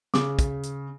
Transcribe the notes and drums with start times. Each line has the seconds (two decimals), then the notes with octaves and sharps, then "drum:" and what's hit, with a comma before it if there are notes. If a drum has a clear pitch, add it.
0.14 C#3 D6, drum: snare
0.39 drum: kick, hi-hat
0.63 drum: hi-hat